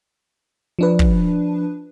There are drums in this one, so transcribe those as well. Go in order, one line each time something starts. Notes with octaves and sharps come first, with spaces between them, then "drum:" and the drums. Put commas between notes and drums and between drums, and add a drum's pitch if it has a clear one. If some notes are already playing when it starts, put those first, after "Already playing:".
F3 D4 B4
drum: kick